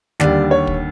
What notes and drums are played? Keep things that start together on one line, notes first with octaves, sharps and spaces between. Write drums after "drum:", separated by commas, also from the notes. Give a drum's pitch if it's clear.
D#2 D3 G3 D5, drum: snare
C#5
drum: kick